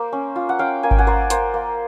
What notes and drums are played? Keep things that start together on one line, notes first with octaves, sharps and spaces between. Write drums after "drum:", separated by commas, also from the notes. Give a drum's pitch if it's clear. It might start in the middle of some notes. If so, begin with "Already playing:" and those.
Already playing: A#3 C5
C#4
F4
F#5
C#4 F5 G5
A#3 G#5
G5, drum: kick G#1
F#5 G#5
A#3 C5 D5
A#3 C5 D5, drum: hi-hat
A#3